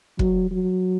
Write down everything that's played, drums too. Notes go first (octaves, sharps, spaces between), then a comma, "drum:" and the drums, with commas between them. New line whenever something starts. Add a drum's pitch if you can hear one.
F#3, drum: kick
F#3